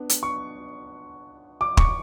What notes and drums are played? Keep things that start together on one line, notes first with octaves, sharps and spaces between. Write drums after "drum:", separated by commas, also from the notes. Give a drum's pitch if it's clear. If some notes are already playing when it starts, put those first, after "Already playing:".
Already playing: B3 D4
drum: hi-hat
C#6
D6
C#6, drum: kick